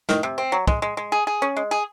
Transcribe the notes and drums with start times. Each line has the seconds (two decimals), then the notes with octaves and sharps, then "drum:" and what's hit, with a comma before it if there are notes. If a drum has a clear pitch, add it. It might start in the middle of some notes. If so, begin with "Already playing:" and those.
0.09 D#3, drum: snare
0.23 C3
0.38 C4
0.52 F#3
0.67 G#3, drum: kick
0.82 G#3
0.97 G#3
1.12 G#4
1.27 G#4
1.42 C#4
1.56 G#3
1.71 G#4